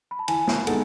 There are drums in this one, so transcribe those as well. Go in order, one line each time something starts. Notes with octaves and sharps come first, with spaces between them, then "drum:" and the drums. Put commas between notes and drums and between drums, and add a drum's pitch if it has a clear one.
B5
A5
E3 G#5, drum: cymbal
drum: snare
G#3 B3 D#4 A4 F#5, drum: cymbal